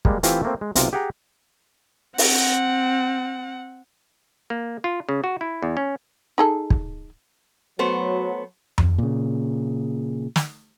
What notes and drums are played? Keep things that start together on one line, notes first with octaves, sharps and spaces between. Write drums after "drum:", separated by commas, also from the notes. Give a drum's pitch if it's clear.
G3 G#3 A#3, drum: kick
E3 A3 C4 E4 F4 G4, drum: hi-hat
A3 A#3 C4
G#3
B1 C3 F4, drum: hi-hat
G4 G#4 F#5 G5 A#5
C4 F#5, drum: open hi-hat
A#3
F4
C#3
F#4
E4
E2
C#4
D#4 G#4 A4
drum: kick
F#3 A3 B3 C5
drum: tom F2
A#2 C#3
drum: snare